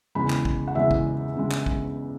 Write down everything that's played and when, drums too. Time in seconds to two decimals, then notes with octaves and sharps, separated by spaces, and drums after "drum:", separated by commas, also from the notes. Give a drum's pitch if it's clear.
0.15 E2 C#3 G#3 B5
0.30 drum: clap
0.45 drum: kick
0.68 F#5
0.75 E2 C#3 G#3 E5
0.91 drum: kick
1.37 C#3 G#3
1.51 drum: clap
1.66 drum: kick